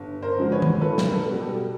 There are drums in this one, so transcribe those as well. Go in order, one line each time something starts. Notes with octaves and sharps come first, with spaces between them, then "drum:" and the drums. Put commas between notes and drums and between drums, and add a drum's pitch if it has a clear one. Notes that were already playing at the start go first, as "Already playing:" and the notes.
Already playing: G1
A#4 C5
F#2 D3 F3 G#3
B4 C#5
drum: tom D#3
B1 A4 B4
drum: snare
A#4
A4 B4
B2 G3
G4 A4